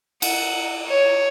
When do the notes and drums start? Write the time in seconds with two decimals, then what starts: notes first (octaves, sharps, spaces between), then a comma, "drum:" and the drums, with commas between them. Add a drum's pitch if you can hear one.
0.22 F#5, drum: cymbal
0.88 C#5